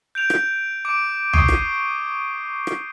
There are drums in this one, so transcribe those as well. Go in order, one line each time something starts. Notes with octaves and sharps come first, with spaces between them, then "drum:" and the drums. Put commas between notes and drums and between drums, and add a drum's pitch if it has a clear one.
G6 D7 F7
drum: rim click
D6 D7
C#6 D#6 G#6 C7 D#7 G7, drum: tom
drum: rim click
drum: rim click